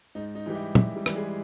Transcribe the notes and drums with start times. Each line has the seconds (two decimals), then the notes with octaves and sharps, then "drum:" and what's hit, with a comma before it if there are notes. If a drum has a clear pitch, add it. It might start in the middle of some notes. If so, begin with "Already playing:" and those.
0.15 G#2 D#4
0.35 D#4
0.46 E3 G3 G4
0.55 E4
0.75 G#2 E4, drum: tom
0.96 G3 G4
1.06 E3 G3, drum: rim click
1.16 G#3 G#4